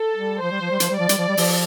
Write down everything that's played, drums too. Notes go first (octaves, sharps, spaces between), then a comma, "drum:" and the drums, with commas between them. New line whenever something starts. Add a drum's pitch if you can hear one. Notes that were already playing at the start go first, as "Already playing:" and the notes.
Already playing: A4
G3
F3 C5
G3
F3
G3
F3, drum: hi-hat
G3
F3 D5
G3, drum: hi-hat
F3
G3
F3, drum: open hi-hat